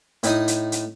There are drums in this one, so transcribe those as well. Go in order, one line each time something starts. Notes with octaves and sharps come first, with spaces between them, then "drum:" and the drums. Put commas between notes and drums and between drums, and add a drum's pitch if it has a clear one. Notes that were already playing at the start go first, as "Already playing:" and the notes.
A2 D#4 D#6, drum: hi-hat
drum: hi-hat
drum: hi-hat